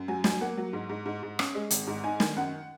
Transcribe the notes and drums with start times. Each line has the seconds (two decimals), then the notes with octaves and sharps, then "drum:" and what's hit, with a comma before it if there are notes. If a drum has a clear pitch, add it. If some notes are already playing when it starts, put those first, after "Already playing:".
Already playing: F#2
0.08 F#3 G#5
0.24 F#3, drum: snare
0.30 G#5
0.41 A#3 F#5
0.57 F#3
0.73 G#2
0.89 G#2
1.06 G#2
1.23 G#2
1.39 C#4, drum: rim click
1.55 G#3
1.70 G#1, drum: hi-hat
1.87 G#2
2.04 D#4 G#5
2.20 D#3, drum: snare
2.36 F#2 F#5